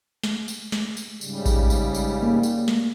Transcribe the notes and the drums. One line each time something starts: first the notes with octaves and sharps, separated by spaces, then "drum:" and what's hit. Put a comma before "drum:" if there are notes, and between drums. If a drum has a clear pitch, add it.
drum: snare
drum: tambourine
drum: snare
drum: tambourine
G#2 C#3 G3, drum: tambourine
drum: kick A1, tambourine
drum: tambourine
drum: tambourine
A#3
drum: tambourine
drum: snare